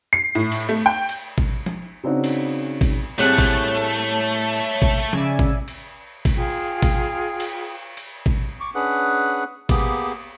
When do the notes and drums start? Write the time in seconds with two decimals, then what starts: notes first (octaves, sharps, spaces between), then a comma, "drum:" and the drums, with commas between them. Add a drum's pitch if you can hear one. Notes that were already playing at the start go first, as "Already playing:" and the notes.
0.13 C7
0.35 A2
0.52 drum: cymbal
0.69 A3
0.86 G5
1.09 drum: cymbal
1.38 drum: kick G#1
1.66 drum: tom F3
2.04 C#3 C4 D4 D#4 F#4
2.24 drum: cymbal
2.81 drum: kick G#1, cymbal
3.19 A2 G3 A3 C4 G#4 C#5 F#5 A5
3.38 drum: kick G#1, cymbal
3.96 drum: cymbal
4.53 drum: cymbal
4.82 drum: kick G#1
5.13 C#3 D5 E5 G#5, drum: tom F3
5.39 drum: kick G#1
5.68 drum: cymbal
6.25 drum: kick G#1, cymbal
6.34 F4 G#4 G5
6.83 drum: kick G#1, cymbal
7.40 drum: cymbal
7.97 drum: cymbal
8.26 drum: kick G#1
8.60 C#6 D6
8.75 C#4 D4 G#4 B4 F#5
9.69 A#3 B3 G4 G#4, drum: kick G#1, cymbal